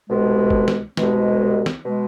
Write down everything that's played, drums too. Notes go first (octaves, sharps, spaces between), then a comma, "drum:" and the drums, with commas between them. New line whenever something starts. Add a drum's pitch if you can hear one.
C2 B2 G#3
drum: kick F#1
drum: snare
C2 B2 G#3, drum: snare
drum: snare
B2 G#3